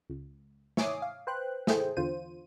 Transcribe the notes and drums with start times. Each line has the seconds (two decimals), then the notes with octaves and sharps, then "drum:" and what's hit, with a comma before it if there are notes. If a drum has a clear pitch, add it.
0.10 C#2
0.77 C#5 E5 G#5 D6 D#6 C7, drum: snare
1.02 F5
1.27 B4 C5 G5 F#6
1.67 E4 G#4 A4 C5 G5, drum: snare
1.97 E2 D3 F4 C5 D#7